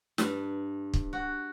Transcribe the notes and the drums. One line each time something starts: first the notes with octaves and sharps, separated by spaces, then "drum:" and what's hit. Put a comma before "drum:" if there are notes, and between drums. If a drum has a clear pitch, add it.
G2, drum: snare
drum: kick
F#4